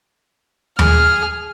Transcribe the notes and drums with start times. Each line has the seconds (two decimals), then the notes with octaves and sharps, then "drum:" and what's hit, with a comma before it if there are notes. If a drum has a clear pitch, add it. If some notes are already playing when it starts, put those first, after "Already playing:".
0.79 G#4 F6, drum: tom D#2